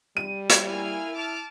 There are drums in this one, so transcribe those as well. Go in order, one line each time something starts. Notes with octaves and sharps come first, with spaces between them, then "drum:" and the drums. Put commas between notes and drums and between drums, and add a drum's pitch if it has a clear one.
G3 D#7
drum: hi-hat
A#3 E4 G#5 F6
A5 D6 F6